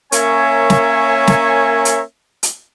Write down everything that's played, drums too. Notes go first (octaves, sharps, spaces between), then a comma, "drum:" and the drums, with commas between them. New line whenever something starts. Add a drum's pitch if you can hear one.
A#3 C#4 A#4 C#5 E5 G#5, drum: hi-hat
drum: snare
drum: snare
drum: hi-hat
drum: hi-hat